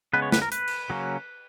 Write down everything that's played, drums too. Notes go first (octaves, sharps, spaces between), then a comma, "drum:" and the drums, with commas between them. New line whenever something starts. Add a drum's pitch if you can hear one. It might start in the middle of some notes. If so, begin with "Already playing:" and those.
C#3 G#3 B3 B4
C#5
B4, drum: snare
A#4
B4, drum: hi-hat
drum: cymbal
C#3 F#3 A#3 C#4